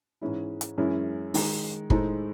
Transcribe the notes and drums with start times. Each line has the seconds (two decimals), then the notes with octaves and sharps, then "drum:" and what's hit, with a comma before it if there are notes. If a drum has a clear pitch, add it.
0.21 G#2 E3 G#3 C#4 E4
0.61 drum: hi-hat
0.78 F#2 E3 G#3 C#4 E4
1.34 D#3 G#3 D#4, drum: open hi-hat
1.90 A2 G#3 D#4 A4 C5, drum: kick